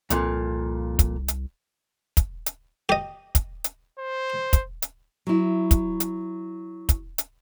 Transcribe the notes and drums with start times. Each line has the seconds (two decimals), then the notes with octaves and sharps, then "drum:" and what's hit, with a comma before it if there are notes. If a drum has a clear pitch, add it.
0.10 C2 F2 A#2, drum: hi-hat
0.99 drum: kick, hi-hat
1.28 drum: hi-hat
2.17 drum: kick, hi-hat
2.46 drum: hi-hat
2.89 G4 D#5
3.35 drum: kick, hi-hat
3.64 drum: hi-hat
3.99 C5
4.53 drum: kick, hi-hat
4.82 drum: hi-hat
5.27 F#3 E4
5.71 drum: kick, hi-hat
6.00 drum: hi-hat
6.89 drum: kick, hi-hat
7.18 drum: hi-hat